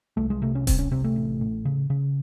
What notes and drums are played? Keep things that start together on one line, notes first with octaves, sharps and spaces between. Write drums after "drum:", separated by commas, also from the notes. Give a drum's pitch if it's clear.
C2 A3
G#3
C3 A3
C#4
C2 C4, drum: kick D#1, open hi-hat
C#4
C3 C4
A3
A1
A2
C#3
C#3